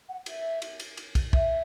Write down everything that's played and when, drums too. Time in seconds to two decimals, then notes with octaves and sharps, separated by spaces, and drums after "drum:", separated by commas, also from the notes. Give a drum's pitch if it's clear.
0.09 F#5
0.26 E5, drum: cymbal
0.62 drum: cymbal
0.80 drum: cymbal
0.97 drum: cymbal
1.15 drum: kick, cymbal
1.33 E5, drum: kick